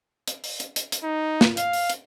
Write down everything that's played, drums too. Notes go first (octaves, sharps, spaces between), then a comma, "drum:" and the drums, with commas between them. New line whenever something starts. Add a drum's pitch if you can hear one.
drum: hi-hat
drum: open hi-hat
drum: hi-hat
drum: hi-hat
drum: hi-hat
D#4
drum: snare
F5, drum: hi-hat
drum: open hi-hat
drum: hi-hat